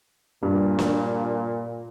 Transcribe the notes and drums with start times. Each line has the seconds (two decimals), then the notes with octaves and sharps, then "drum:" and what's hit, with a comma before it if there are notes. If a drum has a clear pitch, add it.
0.43 G2 A#2
0.79 drum: snare